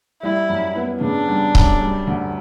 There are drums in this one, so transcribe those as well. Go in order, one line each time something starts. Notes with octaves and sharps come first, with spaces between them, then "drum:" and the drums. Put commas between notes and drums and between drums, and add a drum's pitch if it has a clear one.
G3 E4
F#2
B3
C#3 D4
G3
F#2, drum: kick C#1
G3
D2